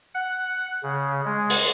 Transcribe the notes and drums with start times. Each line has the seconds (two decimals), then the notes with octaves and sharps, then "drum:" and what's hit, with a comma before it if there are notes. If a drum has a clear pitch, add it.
0.14 F#5
0.83 C#3
1.25 G#3
1.50 drum: open hi-hat